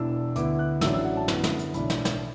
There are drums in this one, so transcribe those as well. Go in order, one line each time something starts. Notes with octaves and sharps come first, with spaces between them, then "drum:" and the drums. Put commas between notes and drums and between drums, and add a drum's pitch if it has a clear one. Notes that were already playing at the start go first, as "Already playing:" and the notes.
Already playing: E1 E2 E3 D4 E6
D2 D3 B3 E4 D6, drum: hi-hat
F#6
A1 A2 F#3 D4 E6, drum: snare
E6
F#5
A5
F#2 D3 B3 E4, drum: snare
drum: snare
drum: hi-hat
B1 A2 E3 D4 B5, drum: hi-hat
drum: snare
drum: snare